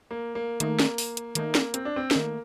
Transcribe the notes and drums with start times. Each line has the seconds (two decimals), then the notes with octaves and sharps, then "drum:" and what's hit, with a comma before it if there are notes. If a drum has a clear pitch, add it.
0.11 A#3
0.35 A#3
0.60 D#3 A3 A#3 D#4, drum: hi-hat
0.79 drum: snare
0.98 drum: open hi-hat
1.17 drum: hi-hat
1.35 D#3 A3 A#3 D#4, drum: hi-hat
1.55 drum: snare
1.74 C4, drum: hi-hat
1.85 D4
1.96 C4
2.11 D#3 A3 A#3 D#4, drum: snare